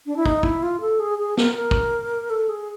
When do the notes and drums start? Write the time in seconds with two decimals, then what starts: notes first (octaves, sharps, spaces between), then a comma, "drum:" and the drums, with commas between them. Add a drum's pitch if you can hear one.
0.06 D4
0.16 E4
0.26 D#4, drum: kick
0.43 E4, drum: kick
0.63 F4
0.81 A4
0.99 G#4
1.18 G#4
1.37 A#4, drum: snare
1.56 A#4
1.71 drum: kick
2.30 A4
2.49 G#4